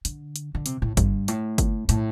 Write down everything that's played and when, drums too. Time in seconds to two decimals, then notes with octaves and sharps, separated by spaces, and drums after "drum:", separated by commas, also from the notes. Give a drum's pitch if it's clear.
0.05 D3, drum: hi-hat
0.36 drum: hi-hat
0.55 D3
0.66 C3, drum: hi-hat
0.82 A2
0.97 G2, drum: kick G1, hi-hat
1.28 A2, drum: hi-hat
1.58 drum: kick G1, hi-hat
1.89 A2, drum: hi-hat